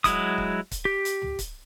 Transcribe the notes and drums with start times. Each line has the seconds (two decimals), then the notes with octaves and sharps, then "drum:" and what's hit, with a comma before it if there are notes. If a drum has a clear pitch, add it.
0.04 F#3 G#3 E4 D#6, drum: kick C#1, hi-hat
0.38 drum: kick C#1
0.71 drum: kick C#1, hi-hat
0.85 G4
1.05 drum: hi-hat
1.22 drum: tom
1.39 drum: kick C#1, hi-hat